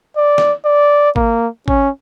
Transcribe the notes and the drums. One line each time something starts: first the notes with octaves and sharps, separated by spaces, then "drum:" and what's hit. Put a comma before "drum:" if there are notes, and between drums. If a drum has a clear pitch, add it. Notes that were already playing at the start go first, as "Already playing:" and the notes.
D5
drum: snare
D5
A#3, drum: kick
C#4, drum: kick